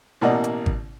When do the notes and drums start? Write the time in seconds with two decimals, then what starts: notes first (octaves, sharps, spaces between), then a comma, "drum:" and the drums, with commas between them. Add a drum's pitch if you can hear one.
0.21 A1 B2 A#3 D5 D#5 F#5
0.44 drum: hi-hat
0.66 drum: kick G#1